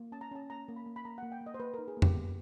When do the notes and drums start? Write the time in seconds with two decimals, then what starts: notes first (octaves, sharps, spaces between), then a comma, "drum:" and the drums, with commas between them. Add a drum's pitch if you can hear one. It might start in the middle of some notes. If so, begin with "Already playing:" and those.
Already playing: A#3
0.12 C#4 A5
0.21 A#5
0.31 C#4 A5
0.50 A#3 A#5
0.68 A#3
0.76 B5
0.86 A#3
0.96 B5
1.05 A#3 A#5
1.18 A#3 F#5
1.32 G5
1.41 A#3
1.46 D#5
1.54 C5
1.59 A#3 B4
1.74 D#4 A#4
1.88 G#4
1.97 A#3
2.02 G4, drum: tom F2
2.15 B3